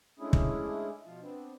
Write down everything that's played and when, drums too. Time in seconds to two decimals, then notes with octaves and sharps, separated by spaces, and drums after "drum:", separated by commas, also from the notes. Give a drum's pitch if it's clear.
0.19 G#3 A3 C#4 D4 E4 G#4
0.33 drum: kick
1.05 B2 F3 F4
1.21 B3 C4 D4